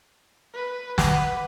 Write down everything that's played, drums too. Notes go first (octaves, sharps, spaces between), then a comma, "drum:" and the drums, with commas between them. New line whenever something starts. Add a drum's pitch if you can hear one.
B4
B4 F#5 D6, drum: snare